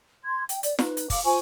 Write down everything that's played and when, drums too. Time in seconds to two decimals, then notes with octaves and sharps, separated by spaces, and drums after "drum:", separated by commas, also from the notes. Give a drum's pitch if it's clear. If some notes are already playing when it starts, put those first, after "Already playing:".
0.25 C6 G#6
0.49 G5, drum: hi-hat
0.63 D5, drum: hi-hat
0.79 D#4 B4, drum: snare
0.97 drum: hi-hat
1.10 F5 D6, drum: kick, open hi-hat
1.24 F4 C5 G#5 C#6